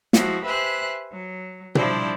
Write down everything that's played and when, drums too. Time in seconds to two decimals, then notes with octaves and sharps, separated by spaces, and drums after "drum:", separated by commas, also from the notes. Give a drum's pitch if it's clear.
0.13 F3 G#3 E4 F#4, drum: snare
0.43 G4 B4 C5 E5 G#5 F#6
1.12 F#3
1.75 F3 G3 D4 E4 C5 D5, drum: tom B2